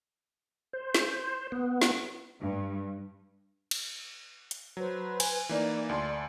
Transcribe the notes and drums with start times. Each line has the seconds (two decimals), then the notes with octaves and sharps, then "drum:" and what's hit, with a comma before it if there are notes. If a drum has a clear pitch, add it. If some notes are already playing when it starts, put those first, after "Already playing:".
0.73 C5
0.95 drum: snare
1.52 B3
1.82 drum: snare
2.39 G2
3.71 drum: cymbal
4.51 drum: hi-hat
4.77 F#3 B4 C5
5.20 G#5, drum: cymbal
5.49 E3 A#3 D#4 D5
5.89 D2 A5 C6